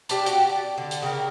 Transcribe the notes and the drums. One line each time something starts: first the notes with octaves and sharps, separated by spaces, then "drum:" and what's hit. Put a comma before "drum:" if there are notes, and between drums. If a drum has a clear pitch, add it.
D4 G4 A5, drum: hi-hat
D4 F#4 G4, drum: hi-hat
D5
D3
drum: hi-hat
C#3 G4 A#4